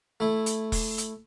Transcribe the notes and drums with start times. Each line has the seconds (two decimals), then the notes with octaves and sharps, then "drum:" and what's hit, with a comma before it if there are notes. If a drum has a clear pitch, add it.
0.20 A3 E4
0.46 drum: hi-hat
0.72 drum: kick E1, open hi-hat
0.98 drum: hi-hat